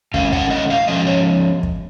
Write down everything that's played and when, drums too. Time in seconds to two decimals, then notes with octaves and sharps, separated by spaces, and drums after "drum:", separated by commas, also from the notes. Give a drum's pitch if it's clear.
0.14 D#3 G#3 C#4 F5, drum: kick
0.33 F#5, drum: kick
0.51 D#5
0.70 F5
0.88 F3 G#3 C#4 D#5
1.06 C#5
1.63 drum: kick